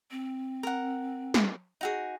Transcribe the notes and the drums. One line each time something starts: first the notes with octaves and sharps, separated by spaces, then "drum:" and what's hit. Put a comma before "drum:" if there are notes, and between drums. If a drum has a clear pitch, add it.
C4
A#4 F#5
drum: snare
D#4 F#4 G#4